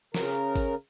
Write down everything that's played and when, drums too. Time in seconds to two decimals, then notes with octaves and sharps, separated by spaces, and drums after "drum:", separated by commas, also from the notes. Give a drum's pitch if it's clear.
0.14 C#3 A#4, drum: snare
0.35 drum: hi-hat
0.56 drum: kick, open hi-hat